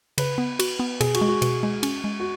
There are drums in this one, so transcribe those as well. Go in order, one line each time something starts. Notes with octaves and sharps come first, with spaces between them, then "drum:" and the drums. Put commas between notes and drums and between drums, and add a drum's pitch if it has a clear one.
C#3 B4, drum: cymbal
B3
F#4, drum: cymbal
B3
B2 G#4, drum: cymbal
F#4, drum: cymbal
G#3
F#4
B2, drum: cymbal
G#3
C#4, drum: cymbal
G#3
F#4